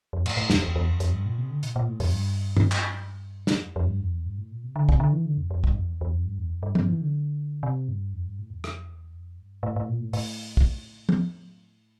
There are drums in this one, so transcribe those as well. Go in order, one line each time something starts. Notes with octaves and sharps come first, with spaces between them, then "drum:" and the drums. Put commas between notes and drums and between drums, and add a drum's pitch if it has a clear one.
F2
A2, drum: cymbal
A2
E2, drum: snare
E2
E2
F2
F2, drum: hi-hat
G2
A#2
C3
D3
A#2, drum: hi-hat
A#2
A2
F2, drum: open hi-hat
G2
drum: tom G2
drum: clap
drum: snare
F2
F2
G2
F2
E2
G2
A2
A#2
C3
D3
C3, drum: kick
D3
E3
D3
F2
F2
G2, drum: kick
F2
E2
E2
F2
G2
E2
F2
G2
G2, drum: tom
E3
D3
C3
G2
F2
G2
A2
E2
F2, drum: rim click
E2
F2
G2
A2
A2
A#2
A2
A2, drum: open hi-hat
drum: kick
drum: tom